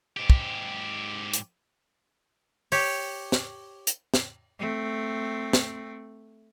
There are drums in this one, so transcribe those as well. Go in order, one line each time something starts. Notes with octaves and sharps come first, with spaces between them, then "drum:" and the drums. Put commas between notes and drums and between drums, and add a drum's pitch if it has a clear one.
G#2 G4
drum: kick
drum: hi-hat
G4 C#5, drum: open hi-hat
drum: snare
drum: hi-hat
drum: snare
A3 C4
drum: snare